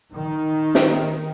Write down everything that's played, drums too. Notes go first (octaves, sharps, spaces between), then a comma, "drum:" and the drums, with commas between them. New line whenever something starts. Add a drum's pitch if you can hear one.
D#3
drum: snare